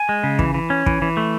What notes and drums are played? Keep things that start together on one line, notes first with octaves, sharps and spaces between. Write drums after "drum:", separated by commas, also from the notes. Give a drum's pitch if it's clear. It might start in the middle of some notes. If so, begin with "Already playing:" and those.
Already playing: G#5
G#3
C#3
E3, drum: kick
E3
C#4
E3, drum: kick
E3
A3